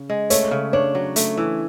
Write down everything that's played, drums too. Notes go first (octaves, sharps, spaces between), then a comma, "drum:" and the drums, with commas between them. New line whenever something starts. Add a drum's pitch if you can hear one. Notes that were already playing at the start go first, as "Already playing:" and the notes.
Already playing: C#3
G#3
A3 C#5, drum: hi-hat
C#3
D4 C#5
F#3
A3, drum: hi-hat
E3